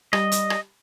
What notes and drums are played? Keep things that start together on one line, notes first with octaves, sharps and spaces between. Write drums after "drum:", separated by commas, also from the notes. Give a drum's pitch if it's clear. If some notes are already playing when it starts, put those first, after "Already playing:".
G3 D#5, drum: rim click
drum: hi-hat
drum: rim click